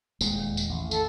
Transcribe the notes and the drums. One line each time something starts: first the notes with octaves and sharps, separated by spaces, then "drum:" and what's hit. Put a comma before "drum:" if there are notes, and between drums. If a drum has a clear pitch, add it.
D#1 G#3, drum: tambourine
E2 D#3
drum: tambourine
A1
A4, drum: tambourine